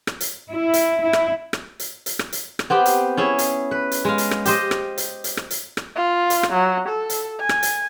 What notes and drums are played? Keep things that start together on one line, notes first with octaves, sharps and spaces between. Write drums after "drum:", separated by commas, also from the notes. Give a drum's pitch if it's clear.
drum: rim click
drum: hi-hat
E4
drum: hi-hat
E4
drum: rim click
drum: rim click
drum: hi-hat
drum: hi-hat
drum: rim click
drum: hi-hat
drum: rim click
B3 C4 G4 G5
drum: hi-hat
C#4 E4 G#4
drum: hi-hat
B4
drum: hi-hat
G#3 F5
drum: hi-hat
drum: rim click
G4 C5 D#5, drum: hi-hat
drum: rim click
drum: hi-hat
drum: hi-hat
drum: rim click
drum: hi-hat
drum: rim click
F4
drum: hi-hat
drum: rim click
F#3
A4
drum: hi-hat
G#5
drum: rim click
drum: hi-hat